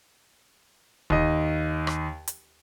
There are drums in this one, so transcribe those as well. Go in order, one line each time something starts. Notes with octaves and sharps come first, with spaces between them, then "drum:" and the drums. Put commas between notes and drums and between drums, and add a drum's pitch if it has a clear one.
D#2 D#5, drum: kick
drum: rim click
drum: hi-hat